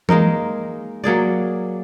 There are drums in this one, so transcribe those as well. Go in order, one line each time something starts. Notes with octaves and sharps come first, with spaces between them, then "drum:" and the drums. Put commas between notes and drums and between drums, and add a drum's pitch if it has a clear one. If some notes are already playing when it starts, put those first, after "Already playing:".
G#3 A#3 D#4 A#4, drum: tom E3
F#3 A#3 G#4 D5